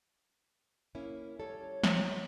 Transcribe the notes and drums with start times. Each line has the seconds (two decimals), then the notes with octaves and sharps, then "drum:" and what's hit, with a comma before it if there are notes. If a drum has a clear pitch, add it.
0.95 A#3 C#4 E4
1.40 G3 A4 C#5
1.84 drum: snare